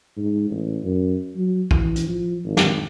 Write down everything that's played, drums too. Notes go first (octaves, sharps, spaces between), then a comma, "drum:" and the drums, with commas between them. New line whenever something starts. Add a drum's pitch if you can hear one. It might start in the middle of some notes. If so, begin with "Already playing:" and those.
G#2
A1
F#2
F#3
E3, drum: kick
drum: hi-hat
F3
G#1
drum: snare